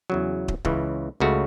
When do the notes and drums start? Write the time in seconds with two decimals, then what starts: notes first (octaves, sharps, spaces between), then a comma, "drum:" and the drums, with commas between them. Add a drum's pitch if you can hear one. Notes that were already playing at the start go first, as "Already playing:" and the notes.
0.10 E2 C#3 F#3
0.48 drum: kick
0.65 C#2 C#3 E3, drum: kick
1.20 C#2 C#3 A3 F#4